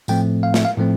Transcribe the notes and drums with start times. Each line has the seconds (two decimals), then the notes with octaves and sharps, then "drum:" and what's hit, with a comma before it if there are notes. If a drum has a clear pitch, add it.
0.08 A2 F3 A3 C4 G5, drum: tambourine
0.43 F5
0.54 E5, drum: snare
0.65 F5
0.78 A2 F3 A3 C4